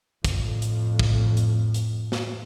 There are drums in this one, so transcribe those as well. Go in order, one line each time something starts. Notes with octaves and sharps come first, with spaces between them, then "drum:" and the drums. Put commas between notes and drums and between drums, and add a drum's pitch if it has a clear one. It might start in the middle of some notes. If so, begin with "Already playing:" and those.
F2 A2, drum: kick, hi-hat
drum: hi-hat
drum: kick
drum: hi-hat
drum: hi-hat
drum: snare